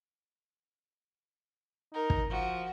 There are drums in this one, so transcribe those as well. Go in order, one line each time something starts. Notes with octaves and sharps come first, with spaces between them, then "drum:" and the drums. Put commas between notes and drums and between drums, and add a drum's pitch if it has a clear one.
D#4 A#4
drum: kick
F3 F#4